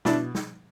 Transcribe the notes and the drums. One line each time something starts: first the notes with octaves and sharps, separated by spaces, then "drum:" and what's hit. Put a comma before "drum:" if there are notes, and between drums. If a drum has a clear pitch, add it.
B2 D4 E4, drum: snare
drum: snare